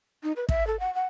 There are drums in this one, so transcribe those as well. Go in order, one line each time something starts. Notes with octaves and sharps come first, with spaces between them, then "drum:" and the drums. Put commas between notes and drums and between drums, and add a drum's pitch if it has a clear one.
D#4
B4
E5, drum: kick
A4
F#5
F#5